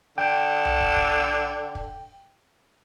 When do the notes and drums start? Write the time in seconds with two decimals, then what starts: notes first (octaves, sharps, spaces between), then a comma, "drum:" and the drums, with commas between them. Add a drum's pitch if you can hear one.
0.18 D3 G5
0.65 drum: tom B1
0.81 drum: kick
0.96 drum: kick
1.75 drum: kick